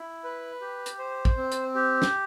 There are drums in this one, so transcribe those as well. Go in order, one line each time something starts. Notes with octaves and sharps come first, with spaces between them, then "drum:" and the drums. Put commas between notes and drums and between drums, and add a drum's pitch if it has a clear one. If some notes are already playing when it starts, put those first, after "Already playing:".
Already playing: E4
B4
G4
drum: hi-hat
C5
drum: kick
C4
drum: hi-hat
G4
drum: snare